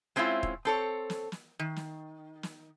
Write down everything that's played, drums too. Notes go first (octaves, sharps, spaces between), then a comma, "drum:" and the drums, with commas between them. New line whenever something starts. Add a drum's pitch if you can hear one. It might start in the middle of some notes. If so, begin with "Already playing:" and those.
G#3 C4 C#4 E4 F4
drum: kick D#1
C4 A4 C#5
drum: snare
drum: snare
D#3
drum: snare
drum: snare